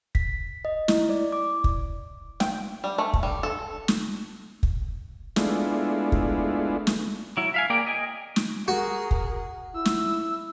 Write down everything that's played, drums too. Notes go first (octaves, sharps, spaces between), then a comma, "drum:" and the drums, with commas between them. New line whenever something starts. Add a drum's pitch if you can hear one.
B6, drum: kick
D#5
E4, drum: snare
D5
D6
drum: kick
G5, drum: snare
G3
A3
drum: kick
G3
A4
drum: snare
drum: kick
G#3 A3 B3 D4 E4 F4, drum: snare
drum: kick
drum: snare
F#3 E4
E5 F5 G#5
A#3 G#4 D5 G5
D#5 G5 G#5
drum: snare
F#4 G#4 A#4
drum: kick
E4 E6
drum: snare